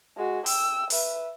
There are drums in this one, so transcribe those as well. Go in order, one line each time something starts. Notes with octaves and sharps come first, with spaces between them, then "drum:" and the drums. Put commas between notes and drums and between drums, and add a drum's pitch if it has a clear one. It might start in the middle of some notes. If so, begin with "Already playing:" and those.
G#3 F#4
G5 E6, drum: open hi-hat
B4 E5, drum: open hi-hat